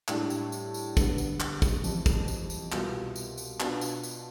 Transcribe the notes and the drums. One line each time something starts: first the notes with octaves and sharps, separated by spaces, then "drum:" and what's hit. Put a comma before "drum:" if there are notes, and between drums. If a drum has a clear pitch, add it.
A2 G3 D4 G4, drum: clap
drum: tambourine
drum: tambourine
drum: tambourine
D3 G3 B3, drum: kick, tambourine
drum: tambourine
drum: clap
drum: kick, tambourine
F2 E3 G3, drum: tambourine
drum: kick, tambourine
drum: tambourine
drum: tambourine
C2 B2 G3 B3 F4, drum: clap
drum: tambourine
drum: tambourine
B2 B3 D4 F4, drum: clap
drum: tambourine
drum: tambourine